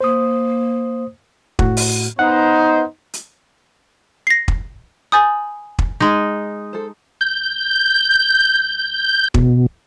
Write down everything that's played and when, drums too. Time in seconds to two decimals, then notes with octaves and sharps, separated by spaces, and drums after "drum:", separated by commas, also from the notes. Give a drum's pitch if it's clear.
0.01 A#3 C5 D#6
1.59 A2 F#4, drum: kick
1.77 drum: open hi-hat
2.19 B3 D#4 C5 F#5
3.13 drum: hi-hat
4.27 A#6 C7
4.48 drum: kick
5.12 G#5 B5 D#6 G6 A6
5.79 drum: kick
6.00 G#3 D#4
6.73 A4 C5
7.21 G6
9.34 B2, drum: kick